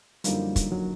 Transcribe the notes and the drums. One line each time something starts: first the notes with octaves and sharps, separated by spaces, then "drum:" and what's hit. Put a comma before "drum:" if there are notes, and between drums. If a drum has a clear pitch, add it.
F#2 D3 F3 G3 A#3 D#4, drum: hi-hat
drum: kick, hi-hat
F#3